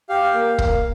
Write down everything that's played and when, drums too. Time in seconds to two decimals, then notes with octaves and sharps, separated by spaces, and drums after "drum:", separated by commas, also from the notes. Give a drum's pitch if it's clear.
0.09 G4 F5
0.34 A#3
0.58 A#3, drum: kick